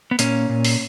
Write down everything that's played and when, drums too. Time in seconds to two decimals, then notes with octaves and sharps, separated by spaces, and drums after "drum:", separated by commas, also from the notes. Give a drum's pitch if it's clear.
0.11 B3
0.19 A#2 A#3 C#4, drum: hi-hat
0.49 A#2
0.65 drum: open hi-hat